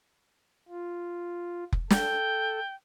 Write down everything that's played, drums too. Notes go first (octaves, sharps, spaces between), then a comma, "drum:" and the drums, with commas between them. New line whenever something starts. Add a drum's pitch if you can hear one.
F4
drum: kick F1
A4 G5, drum: snare